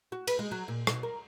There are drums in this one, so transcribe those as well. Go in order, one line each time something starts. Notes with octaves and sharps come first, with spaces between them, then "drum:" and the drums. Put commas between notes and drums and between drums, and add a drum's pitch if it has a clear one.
F#4
B4, drum: cymbal
G#3
F#3
A#2
B2, drum: rim click
A#4